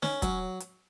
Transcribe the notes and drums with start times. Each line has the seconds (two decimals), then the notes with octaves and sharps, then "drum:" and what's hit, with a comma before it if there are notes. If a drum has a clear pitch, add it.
0.03 C#4, drum: snare
0.22 F#3, drum: kick, hi-hat
0.60 drum: hi-hat